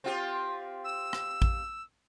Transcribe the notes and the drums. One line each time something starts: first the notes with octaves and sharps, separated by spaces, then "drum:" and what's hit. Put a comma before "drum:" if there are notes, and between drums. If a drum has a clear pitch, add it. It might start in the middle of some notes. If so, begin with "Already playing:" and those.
C4 F4 G4
E6
drum: rim click
drum: kick A1